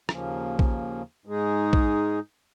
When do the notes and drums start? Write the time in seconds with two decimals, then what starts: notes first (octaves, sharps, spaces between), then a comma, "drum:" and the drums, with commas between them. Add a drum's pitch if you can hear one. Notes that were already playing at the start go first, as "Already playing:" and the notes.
0.09 D#2 C#3 F3 A#3 C#4, drum: rim click
0.59 drum: kick A#1
1.26 G#2 G#3 D#4 G#4
1.73 drum: kick A#1